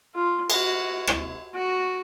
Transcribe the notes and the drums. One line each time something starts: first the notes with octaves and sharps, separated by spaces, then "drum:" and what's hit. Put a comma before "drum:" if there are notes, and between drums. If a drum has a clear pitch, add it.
F4
F#4, drum: cymbal
drum: rim click
F#4